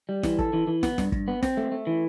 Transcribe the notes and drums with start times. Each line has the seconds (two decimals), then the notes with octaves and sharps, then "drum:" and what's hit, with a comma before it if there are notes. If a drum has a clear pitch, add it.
0.09 G3
0.23 E3, drum: snare
0.39 A4, drum: kick
0.53 E3
0.67 E3
0.83 B3, drum: snare
0.98 G2, drum: snare
1.12 G2, drum: kick
1.28 B3
1.43 C4, drum: snare
1.57 A3
1.72 A3
1.87 E3